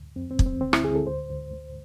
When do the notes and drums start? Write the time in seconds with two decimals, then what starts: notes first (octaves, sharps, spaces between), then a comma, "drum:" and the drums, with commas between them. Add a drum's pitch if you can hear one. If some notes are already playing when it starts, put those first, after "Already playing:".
Already playing: D2
0.16 F2 C4
0.31 C4
0.39 F2, drum: kick
0.46 C4
0.61 D2 C4
0.73 E4, drum: rim click
0.84 D2 G#4
0.95 A4
1.06 D2 C5
1.30 D2
1.53 D2